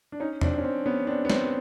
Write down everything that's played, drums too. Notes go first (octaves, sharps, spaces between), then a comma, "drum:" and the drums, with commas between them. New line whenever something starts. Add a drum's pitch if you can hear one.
D4
C#4 D#4
C4 D4, drum: tom E2
C#4
C4
B3 C#4
C4 D4
B3
C4, drum: snare